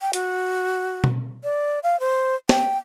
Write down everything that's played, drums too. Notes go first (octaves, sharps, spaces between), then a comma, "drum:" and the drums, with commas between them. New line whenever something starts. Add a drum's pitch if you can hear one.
G5
F#4, drum: hi-hat
drum: tom B2
D5
F5
C5
G5, drum: snare